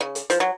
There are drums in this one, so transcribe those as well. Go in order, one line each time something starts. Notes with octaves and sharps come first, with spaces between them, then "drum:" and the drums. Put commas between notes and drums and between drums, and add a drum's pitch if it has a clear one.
C#3
drum: hi-hat
F3, drum: hi-hat
F#3